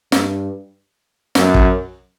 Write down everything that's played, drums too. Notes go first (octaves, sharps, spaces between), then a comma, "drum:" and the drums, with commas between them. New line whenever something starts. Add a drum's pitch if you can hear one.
G2, drum: snare
F#2, drum: snare
drum: kick